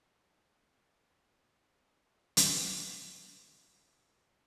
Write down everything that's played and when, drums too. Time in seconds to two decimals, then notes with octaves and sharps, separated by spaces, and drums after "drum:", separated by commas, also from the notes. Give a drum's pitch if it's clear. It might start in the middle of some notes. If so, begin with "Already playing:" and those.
Already playing: D3 F3 C#4 G4 A#4
1.36 A2 F3 A3 C#4
2.37 drum: hi-hat
3.11 G2 F3 C#4